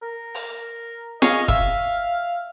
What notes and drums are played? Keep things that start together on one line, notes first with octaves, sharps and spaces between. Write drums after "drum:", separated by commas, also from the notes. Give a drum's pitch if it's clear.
A#4
drum: open hi-hat
A#4
G#4 C#5 D#5 F5, drum: snare
E5 F5, drum: kick F1